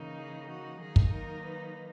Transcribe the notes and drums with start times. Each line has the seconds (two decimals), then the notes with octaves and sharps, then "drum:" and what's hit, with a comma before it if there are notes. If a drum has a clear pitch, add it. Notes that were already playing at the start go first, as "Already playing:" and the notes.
Already playing: C#3 E3 A#3 D#4
0.17 G#4
0.48 F#4
0.80 D#3 F#3 A#3 D#4 G#4
0.96 drum: kick
1.12 A#4
1.43 B4